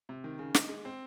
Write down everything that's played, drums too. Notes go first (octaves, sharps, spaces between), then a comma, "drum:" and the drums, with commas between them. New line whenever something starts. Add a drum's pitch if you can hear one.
C3
D#3
C#3
D#4, drum: snare
G#3
C4